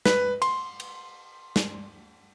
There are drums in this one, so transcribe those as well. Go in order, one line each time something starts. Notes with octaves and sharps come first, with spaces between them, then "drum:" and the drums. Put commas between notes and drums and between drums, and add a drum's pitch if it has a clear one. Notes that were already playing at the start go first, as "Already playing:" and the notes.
B4, drum: snare
C6, drum: cymbal
drum: cymbal
drum: snare